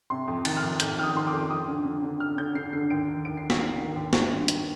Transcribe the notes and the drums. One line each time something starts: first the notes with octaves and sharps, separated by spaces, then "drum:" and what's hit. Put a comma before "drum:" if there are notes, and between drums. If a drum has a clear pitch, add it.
C3 C6
F2
D#3, drum: cymbal
F6
F2
F2 G6, drum: hi-hat
D#3 F6
D#6
D#3 C6
D6
F2
F2 D#6
D3
D3
D3
D3 F6
D3 G6
D3 C7
D3 C7
D#2 D7
D#3
D#2 D7
C7
D#3
B6, drum: snare
D#3 C7
D#3
D#2
D#2, drum: snare
G2
D#3, drum: hi-hat